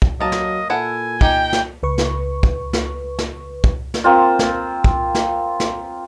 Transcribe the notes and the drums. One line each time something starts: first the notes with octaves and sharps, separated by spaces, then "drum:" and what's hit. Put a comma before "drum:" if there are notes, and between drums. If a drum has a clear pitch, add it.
drum: kick
F#3 A#3 D#5 A5
drum: snare
A#2 E4 A4 F#5 G#5
D#4 G4 G5, drum: kick
drum: snare
C#2 B4 C#6
drum: snare
drum: kick
drum: snare
drum: snare
drum: kick
drum: snare
A#3 C4 F4
drum: snare
drum: kick
drum: snare
drum: snare